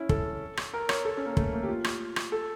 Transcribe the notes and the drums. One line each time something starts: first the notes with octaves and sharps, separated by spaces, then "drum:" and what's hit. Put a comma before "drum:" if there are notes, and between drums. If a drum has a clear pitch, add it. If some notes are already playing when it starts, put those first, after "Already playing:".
Already playing: C#4 E4
A4, drum: kick
drum: rim click
A#4
C#5, drum: rim click
A4
C#4
A#3
A3, drum: kick
A#3
G4
F4
drum: rim click
drum: rim click
A4